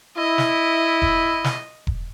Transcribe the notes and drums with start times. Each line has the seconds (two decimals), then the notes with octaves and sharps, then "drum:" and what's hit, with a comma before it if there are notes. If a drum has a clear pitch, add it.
0.17 E4 D#5
0.38 drum: snare
1.02 drum: kick E1
1.44 drum: snare
1.87 drum: kick E1